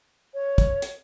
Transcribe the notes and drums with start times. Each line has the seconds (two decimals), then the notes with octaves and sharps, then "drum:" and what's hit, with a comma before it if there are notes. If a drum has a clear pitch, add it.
0.34 C#5
0.58 drum: kick, hi-hat
0.82 drum: hi-hat